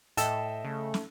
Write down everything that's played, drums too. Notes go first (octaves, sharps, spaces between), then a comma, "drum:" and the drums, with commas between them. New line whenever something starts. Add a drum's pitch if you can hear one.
A2 A4 D#5 E5 G5, drum: hi-hat
C#3 A3
drum: snare